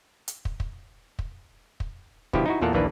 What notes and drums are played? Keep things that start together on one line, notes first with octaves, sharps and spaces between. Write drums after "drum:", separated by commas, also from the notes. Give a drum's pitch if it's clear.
drum: hi-hat
drum: kick
drum: kick
drum: kick
drum: kick
B2 D3 F3 E4 G4, drum: kick
D#4 E4 F#4
E2 A#2 F4 A4 A#4 F#5
A#1 D#2 E3 A#3 D4 B4